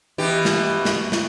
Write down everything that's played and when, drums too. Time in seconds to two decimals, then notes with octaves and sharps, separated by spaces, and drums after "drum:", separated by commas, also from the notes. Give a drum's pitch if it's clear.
0.18 B2 E3 G4
0.45 drum: snare
0.85 drum: snare
1.12 drum: snare